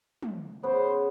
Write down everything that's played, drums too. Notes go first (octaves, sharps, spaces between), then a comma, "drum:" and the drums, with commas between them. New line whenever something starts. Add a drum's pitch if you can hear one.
drum: tom
C#3 B3 C5